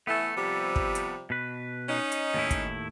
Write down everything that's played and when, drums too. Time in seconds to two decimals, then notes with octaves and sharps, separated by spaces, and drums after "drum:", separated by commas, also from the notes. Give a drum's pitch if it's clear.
0.07 E3 A3 B3 A4
0.37 C3 F3 G3
0.76 drum: kick
0.95 drum: hi-hat
1.30 B2 B4
1.88 C#4 D#4
2.12 drum: hi-hat
2.34 D#2 A2 E4
2.51 drum: kick, hi-hat